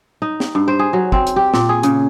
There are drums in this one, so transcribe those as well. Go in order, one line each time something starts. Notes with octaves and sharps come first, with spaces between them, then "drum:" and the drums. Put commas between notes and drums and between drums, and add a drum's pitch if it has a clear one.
D#4
drum: snare
G2
C5
G#4
F#3
C4, drum: kick
drum: hi-hat
G4
A#2, drum: snare
G#4
C#3, drum: hi-hat